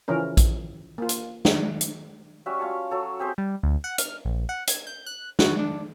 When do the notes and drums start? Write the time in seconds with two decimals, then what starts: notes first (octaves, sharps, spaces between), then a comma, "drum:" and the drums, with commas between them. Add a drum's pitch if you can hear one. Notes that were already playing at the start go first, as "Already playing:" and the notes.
0.08 C#3 E3 F3 C#4 A#4
0.37 drum: kick A#1, hi-hat
0.98 A#3 F4
1.09 drum: hi-hat
1.45 drum: snare
1.81 drum: hi-hat
2.46 G3 C#4 F#4 E5
2.59 F4 C#5 A5 C#6
2.91 F#3 A4 C#5
3.19 C4 G4 G#4 C5
3.38 G3
3.63 D2
3.84 F#5
3.98 F6, drum: hi-hat
4.25 A#1
4.49 F#5
4.67 G#6, drum: hi-hat
4.87 G6
5.06 F#6
5.39 F#4, drum: snare
5.59 D4